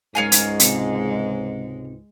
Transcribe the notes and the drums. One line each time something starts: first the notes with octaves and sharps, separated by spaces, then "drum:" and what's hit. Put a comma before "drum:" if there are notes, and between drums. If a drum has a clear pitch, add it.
C#2 G#2 G#3 G#4 A#4 C#5 F5 G#5
drum: hi-hat
C3 C4 A4, drum: hi-hat